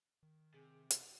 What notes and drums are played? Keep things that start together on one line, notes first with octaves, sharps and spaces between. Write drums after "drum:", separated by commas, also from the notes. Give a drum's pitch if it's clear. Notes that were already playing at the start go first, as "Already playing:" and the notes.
D#3
C3 G#4
drum: hi-hat